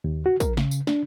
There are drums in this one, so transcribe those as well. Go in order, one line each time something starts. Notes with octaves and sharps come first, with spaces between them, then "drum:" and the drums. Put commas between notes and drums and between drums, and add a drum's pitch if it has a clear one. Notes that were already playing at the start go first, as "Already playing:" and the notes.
D#2
F#4
A#4, drum: kick, tambourine
C#3, drum: snare
drum: tambourine
D4, drum: snare